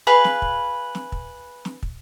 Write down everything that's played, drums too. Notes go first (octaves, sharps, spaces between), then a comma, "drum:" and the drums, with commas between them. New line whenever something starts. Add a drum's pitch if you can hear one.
G#4 B4 F5 B5
drum: snare
drum: kick
drum: snare
drum: kick
drum: snare
drum: kick